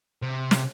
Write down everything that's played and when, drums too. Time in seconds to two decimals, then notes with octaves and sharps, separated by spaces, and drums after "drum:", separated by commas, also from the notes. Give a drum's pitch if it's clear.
0.22 C3
0.51 drum: snare